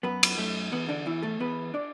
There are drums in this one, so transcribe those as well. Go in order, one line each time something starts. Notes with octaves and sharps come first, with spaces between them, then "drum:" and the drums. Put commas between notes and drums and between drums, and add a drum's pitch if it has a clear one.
F#2 B3 B4
drum: cymbal
F#2 A3
E2 B3
D3 D4
E2 E3 E4
A3 A4
E2 B3 B4
D4 D5